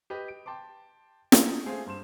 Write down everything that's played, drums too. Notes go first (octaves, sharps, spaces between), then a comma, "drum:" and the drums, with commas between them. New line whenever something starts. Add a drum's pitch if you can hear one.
G4 B4 D#5
D7
G5 A5 C6 D6
D#4 G4 A4 C6, drum: snare
A3 C4 G#4 C5 F5
G2 C5 C6 E7